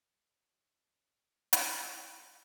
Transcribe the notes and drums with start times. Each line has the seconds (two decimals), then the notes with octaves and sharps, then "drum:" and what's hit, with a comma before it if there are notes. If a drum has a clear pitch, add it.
0.21 C#4 D#4 G4 G#4 C#5
1.53 drum: hi-hat